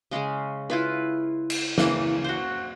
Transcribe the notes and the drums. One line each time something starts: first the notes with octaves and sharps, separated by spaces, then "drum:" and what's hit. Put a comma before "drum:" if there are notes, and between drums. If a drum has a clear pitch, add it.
C#3 G#3 C#4 G#4
E4 F4 B4
drum: cymbal
C#3 E3 A#3, drum: snare
F#4 C5